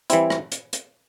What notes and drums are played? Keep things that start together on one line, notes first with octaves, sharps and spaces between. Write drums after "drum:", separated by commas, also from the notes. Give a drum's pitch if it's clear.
E3 G3 C4 E4, drum: hi-hat
drum: rim click
drum: hi-hat
drum: hi-hat